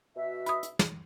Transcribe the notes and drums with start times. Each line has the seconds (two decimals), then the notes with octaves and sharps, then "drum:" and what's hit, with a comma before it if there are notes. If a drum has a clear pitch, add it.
0.16 B2 F#4 E5
0.46 B5 D#6, drum: hi-hat
0.63 drum: hi-hat
0.79 drum: snare